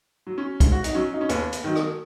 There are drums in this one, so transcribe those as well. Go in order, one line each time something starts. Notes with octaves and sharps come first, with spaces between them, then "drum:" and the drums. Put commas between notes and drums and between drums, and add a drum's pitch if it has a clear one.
F#3
C#4
G#2, drum: kick B1, hi-hat
F#4
D#4, drum: hi-hat
F#3 C#4
D#4
C#4
D#2 B3, drum: hi-hat
drum: hi-hat
D#3 F#3
drum: rim click